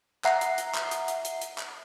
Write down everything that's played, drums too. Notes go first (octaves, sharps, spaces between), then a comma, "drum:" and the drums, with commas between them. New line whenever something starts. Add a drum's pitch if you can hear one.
E5 F#5 A#5 C7, drum: clap
drum: hi-hat
drum: hi-hat
drum: clap
drum: hi-hat
drum: hi-hat
drum: hi-hat
drum: hi-hat
drum: clap